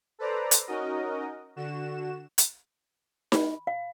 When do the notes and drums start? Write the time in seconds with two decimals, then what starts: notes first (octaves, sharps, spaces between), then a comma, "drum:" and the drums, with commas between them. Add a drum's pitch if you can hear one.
0.19 A4 B4 C5 D5 A#5
0.51 drum: hi-hat
0.67 C#4 D#4 F#4 A#4 D#5
1.56 D3 F#4 E7
2.38 drum: hi-hat
3.32 B5, drum: snare D#4
3.67 F5